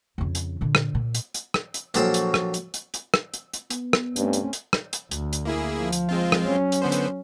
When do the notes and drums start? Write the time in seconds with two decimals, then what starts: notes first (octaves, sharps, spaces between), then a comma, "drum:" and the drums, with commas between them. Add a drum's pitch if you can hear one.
0.18 F2 C#3
0.35 drum: hi-hat
0.61 A#2 D3
0.75 drum: rim click
0.95 A#2
1.15 drum: hi-hat
1.34 drum: hi-hat
1.54 drum: rim click
1.74 drum: hi-hat
1.94 A#1 F#3 F#4 A4 C5 G5, drum: hi-hat
2.14 drum: hi-hat
2.34 drum: rim click
2.54 drum: hi-hat
2.74 drum: hi-hat
2.94 drum: hi-hat
3.14 drum: rim click
3.34 drum: hi-hat
3.53 drum: hi-hat
3.70 B3, drum: hi-hat
3.93 drum: rim click
4.16 G2 A3 C4 C#4, drum: hi-hat
4.33 drum: hi-hat
4.53 drum: hi-hat
4.73 drum: rim click
4.93 drum: hi-hat
5.11 D2, drum: hi-hat
5.33 drum: hi-hat
5.45 A#3 E4 G#4
5.77 F3
5.92 drum: hi-hat
6.09 G#3 C4 F4
6.32 drum: rim click
6.46 F#3 C#4
6.72 drum: hi-hat
6.82 D3 B3 C5
6.92 drum: hi-hat